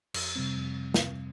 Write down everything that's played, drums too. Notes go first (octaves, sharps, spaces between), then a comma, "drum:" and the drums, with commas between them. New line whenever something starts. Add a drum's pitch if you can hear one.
F2, drum: cymbal
C3 G3 C4
F2
drum: snare